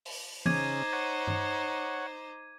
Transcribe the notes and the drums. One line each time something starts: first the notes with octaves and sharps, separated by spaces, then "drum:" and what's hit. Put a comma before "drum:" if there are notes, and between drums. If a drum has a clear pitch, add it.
drum: open hi-hat
C#3 C#4 D#4 C5 D6 G#6 D#7, drum: tom E3
C#5 F#5 G#6
drum: tom G2